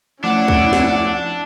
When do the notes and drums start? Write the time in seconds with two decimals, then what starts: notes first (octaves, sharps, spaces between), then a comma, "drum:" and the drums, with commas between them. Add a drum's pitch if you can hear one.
0.24 F3 A3 C#4 D4 E4 F#5
0.48 drum: kick C#2
0.73 drum: snare